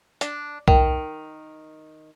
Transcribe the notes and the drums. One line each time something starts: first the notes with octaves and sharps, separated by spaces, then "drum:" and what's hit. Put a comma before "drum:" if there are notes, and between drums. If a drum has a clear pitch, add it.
D4, drum: hi-hat
D#3, drum: kick B1